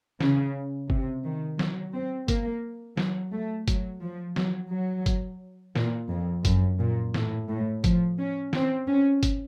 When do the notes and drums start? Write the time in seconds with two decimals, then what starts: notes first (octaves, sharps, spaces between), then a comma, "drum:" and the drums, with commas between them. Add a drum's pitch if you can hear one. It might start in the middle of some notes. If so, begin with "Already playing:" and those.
0.20 C#3, drum: snare
0.90 C3, drum: kick G1
1.24 D#3
1.59 F#3, drum: snare
1.94 C4
2.28 A#3, drum: kick G1, hi-hat
2.97 F#3, drum: snare
3.32 A3
3.68 F#3, drum: kick G1, hi-hat
4.02 F3
4.36 F#3, drum: snare
4.72 F#3
5.06 drum: kick G1, hi-hat
5.75 A#2, drum: snare
6.10 F2
6.45 F#2, drum: kick G1, hi-hat
6.79 A#2
7.14 A2, drum: snare
7.49 A2
7.84 F3, drum: kick G1, hi-hat
8.18 C#4
8.53 C4, drum: snare
8.88 C#4
9.23 drum: kick G1, hi-hat